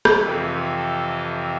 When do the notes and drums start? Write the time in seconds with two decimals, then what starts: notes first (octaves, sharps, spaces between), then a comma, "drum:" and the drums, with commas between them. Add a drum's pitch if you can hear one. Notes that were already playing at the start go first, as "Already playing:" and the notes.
0.05 drum: rim click
0.22 F2 C3 E3 B4
0.76 A4